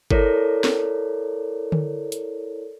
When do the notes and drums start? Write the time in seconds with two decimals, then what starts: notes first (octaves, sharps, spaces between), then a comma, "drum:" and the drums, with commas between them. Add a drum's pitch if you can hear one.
0.11 E4 A4 A#4 C#5 D5, drum: kick G1
0.64 drum: snare
1.72 drum: tom D3
2.12 drum: hi-hat